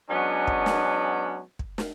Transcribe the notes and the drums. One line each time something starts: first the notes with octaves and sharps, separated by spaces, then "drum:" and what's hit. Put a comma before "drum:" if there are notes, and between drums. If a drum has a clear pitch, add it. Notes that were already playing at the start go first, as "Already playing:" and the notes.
F#3 G#3 B3 C#4 D4
drum: kick
drum: snare
drum: kick
drum: snare